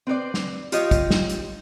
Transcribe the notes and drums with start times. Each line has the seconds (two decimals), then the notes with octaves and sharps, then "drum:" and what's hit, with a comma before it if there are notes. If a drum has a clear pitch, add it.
0.07 C4 B4 C5 D5
0.34 drum: snare
0.72 F4 G4 C#5 D#5, drum: hi-hat
0.91 drum: kick, hi-hat
1.10 drum: snare
1.30 drum: hi-hat